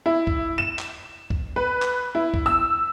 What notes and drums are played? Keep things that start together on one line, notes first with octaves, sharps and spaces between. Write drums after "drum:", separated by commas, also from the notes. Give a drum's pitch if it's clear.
E4
drum: kick C#2
E7
drum: clap
drum: kick C#2
B4
drum: clap
E4
drum: kick C#2
E6